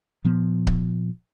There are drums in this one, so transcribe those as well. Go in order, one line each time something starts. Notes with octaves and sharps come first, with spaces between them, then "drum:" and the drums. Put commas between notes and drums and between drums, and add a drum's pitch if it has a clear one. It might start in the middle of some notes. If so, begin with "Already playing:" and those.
A#2 F3 B3
drum: kick C#1